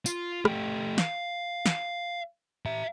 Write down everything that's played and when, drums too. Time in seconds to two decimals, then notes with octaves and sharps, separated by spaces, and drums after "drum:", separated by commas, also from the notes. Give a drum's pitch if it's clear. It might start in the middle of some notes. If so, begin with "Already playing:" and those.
0.06 F4, drum: tambourine
0.45 A3 G4, drum: rim click
0.98 F5, drum: snare
1.66 drum: snare
2.66 E5 A#5